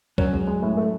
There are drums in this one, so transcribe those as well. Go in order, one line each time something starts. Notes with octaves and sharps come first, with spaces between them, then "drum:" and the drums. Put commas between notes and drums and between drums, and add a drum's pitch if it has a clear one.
F#2 F#3 C#4, drum: kick C#2
G#3
G#3
A2
A3